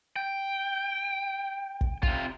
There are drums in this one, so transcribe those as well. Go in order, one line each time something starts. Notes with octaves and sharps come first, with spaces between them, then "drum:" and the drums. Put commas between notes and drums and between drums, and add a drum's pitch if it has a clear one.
G5
drum: kick
C3 F4, drum: kick